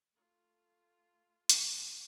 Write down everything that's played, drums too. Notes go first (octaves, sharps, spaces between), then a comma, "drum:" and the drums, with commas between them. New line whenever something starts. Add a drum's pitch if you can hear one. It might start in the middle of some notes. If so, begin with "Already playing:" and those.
A3 F4
drum: hi-hat